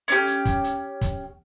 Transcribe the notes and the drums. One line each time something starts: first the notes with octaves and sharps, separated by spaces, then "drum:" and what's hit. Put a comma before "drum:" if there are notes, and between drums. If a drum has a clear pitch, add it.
C#4 D4 G4
drum: hi-hat
drum: kick, hi-hat
drum: hi-hat
drum: kick, hi-hat